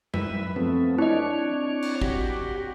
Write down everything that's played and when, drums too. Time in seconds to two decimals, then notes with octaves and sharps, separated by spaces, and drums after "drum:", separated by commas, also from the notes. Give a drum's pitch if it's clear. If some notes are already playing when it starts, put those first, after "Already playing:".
0.14 F#2 B4 E5, drum: tom G3
0.56 F3 A3 B3 C4
0.98 D4 E4 C#5 D#5
1.82 drum: cymbal
2.02 F#4 G4, drum: kick G1